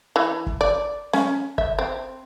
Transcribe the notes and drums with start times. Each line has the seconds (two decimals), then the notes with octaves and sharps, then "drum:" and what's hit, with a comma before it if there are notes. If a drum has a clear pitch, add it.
0.16 E3
0.46 drum: kick
0.61 D5
1.13 C#4, drum: snare
1.58 E5, drum: kick
1.79 C4